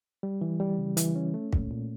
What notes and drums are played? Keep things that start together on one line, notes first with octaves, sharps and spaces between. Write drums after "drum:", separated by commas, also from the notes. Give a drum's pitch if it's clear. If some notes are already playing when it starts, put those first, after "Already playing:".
G3
E3
G3
C#3
E3, drum: hi-hat
C#4
A3
A#2, drum: kick
A#2